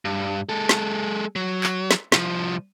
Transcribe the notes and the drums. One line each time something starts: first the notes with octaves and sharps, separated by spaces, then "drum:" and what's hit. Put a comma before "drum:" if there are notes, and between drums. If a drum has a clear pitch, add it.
G2
G#3 A4
drum: snare
F#3
drum: clap
drum: snare
C2 F3, drum: snare